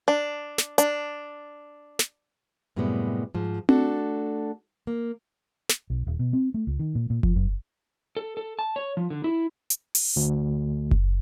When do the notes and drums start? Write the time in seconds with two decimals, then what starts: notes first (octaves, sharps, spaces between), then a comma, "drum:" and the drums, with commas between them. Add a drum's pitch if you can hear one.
0.08 D4
0.58 drum: snare
0.78 D4, drum: hi-hat
1.99 drum: snare
2.76 F#2 A2 C3 G3 G#3 B3
3.35 G#2 F3
3.69 A3 D4 F#4 A4, drum: tom C4
4.87 A#3
5.69 drum: snare
5.90 B1
6.07 D#1
6.19 B2
6.33 C4
6.54 A3
6.67 C#2
6.79 D#3
6.95 A#2
7.10 A#2
7.23 F3, drum: kick F#1
7.36 F#2
8.17 A4
8.37 A4
8.59 A5
8.76 C#5
8.97 F3
9.10 D3
9.24 E4
9.70 drum: hi-hat
9.95 drum: open hi-hat
10.16 D2
10.91 drum: kick F#1